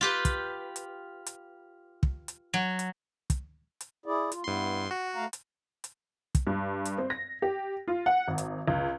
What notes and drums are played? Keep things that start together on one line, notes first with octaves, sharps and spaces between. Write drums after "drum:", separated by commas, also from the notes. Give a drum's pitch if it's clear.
F4 G4 B4
drum: kick, hi-hat
drum: hi-hat
drum: hi-hat
drum: kick
drum: hi-hat
F#3
drum: hi-hat
drum: kick, hi-hat
drum: hi-hat
E4 G#4 D5
F4, drum: hi-hat
G2 B3 E4 C6
F#4 F#5
A3 F5 A#5
drum: hi-hat
drum: hi-hat
drum: kick, hi-hat
G2
drum: hi-hat
C4
A#6
G4
F4
F#5
G#1
drum: hi-hat
C#2